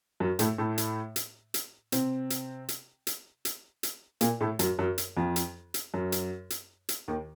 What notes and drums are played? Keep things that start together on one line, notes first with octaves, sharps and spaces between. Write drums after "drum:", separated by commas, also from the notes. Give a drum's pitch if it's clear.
F#2 F#3
A2 A3, drum: hi-hat
A2 A3
drum: hi-hat
drum: hi-hat
drum: hi-hat
C3 C4, drum: hi-hat
drum: hi-hat
drum: hi-hat
drum: hi-hat
drum: hi-hat
drum: hi-hat
A#2 A#3, drum: hi-hat
A2 A3
F#2 F#3, drum: hi-hat
F#2 F#3
drum: hi-hat
F2 F3
drum: hi-hat
drum: hi-hat
F#2 F#3
drum: hi-hat
drum: hi-hat
drum: hi-hat
D#2 D#3